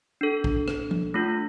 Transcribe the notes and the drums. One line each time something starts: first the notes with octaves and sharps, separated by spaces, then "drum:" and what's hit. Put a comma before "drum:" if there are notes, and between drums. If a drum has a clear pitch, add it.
D4 A4
drum: kick
drum: rim click
drum: tom
A3 D4 F4